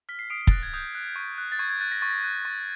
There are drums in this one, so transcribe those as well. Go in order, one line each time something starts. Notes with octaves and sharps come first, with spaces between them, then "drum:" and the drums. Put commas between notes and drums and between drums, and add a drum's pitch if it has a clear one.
F6 B6
C7
D#6 C7 D7
C7
A6, drum: kick
F#6 A#6
G#6
D#6 G6
F#6
C#6
F#6
A6
C#6 G#6
G#6
F#6 A6
A#6
C#6 A6
A#6
F#6
C#6 A6